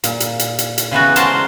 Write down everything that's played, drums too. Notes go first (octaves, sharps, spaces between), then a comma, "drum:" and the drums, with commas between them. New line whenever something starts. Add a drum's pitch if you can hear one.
A#2, drum: hi-hat
drum: hi-hat
drum: hi-hat
drum: hi-hat
drum: hi-hat
C#3 E3 B3 F#4
G#3 F#4 A#4 C5 D5 A5, drum: hi-hat